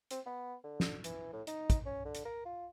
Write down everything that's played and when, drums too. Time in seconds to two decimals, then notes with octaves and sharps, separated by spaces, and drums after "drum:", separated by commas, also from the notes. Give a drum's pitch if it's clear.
0.11 C4, drum: hi-hat
0.26 B3
0.64 D3
0.80 drum: snare
1.04 E3, drum: hi-hat
1.32 A2
1.47 D#4, drum: hi-hat
1.70 drum: kick, hi-hat
1.86 C#4
2.05 D3
2.15 drum: hi-hat
2.25 A#4
2.45 F4